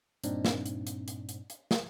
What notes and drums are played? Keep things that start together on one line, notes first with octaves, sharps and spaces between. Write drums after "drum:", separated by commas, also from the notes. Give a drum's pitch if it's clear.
G2 A#2 C4 D4 D#4, drum: hi-hat
drum: snare
drum: hi-hat
drum: hi-hat
drum: hi-hat
drum: hi-hat
drum: hi-hat
drum: snare